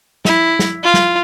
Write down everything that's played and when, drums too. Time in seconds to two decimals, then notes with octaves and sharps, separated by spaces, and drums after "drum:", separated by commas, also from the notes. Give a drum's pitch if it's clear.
0.25 E4, drum: snare
0.59 drum: snare
0.84 F4
0.94 drum: snare